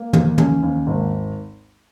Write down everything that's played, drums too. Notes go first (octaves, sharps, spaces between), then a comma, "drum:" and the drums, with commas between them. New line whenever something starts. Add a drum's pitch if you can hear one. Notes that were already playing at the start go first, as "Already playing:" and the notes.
Already playing: A#3
D#2, drum: tom
C#4, drum: tom
D#2
G#1